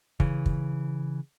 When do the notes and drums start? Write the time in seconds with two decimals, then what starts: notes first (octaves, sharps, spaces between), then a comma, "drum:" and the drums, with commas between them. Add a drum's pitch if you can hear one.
0.20 C#3 E3, drum: kick
0.46 drum: kick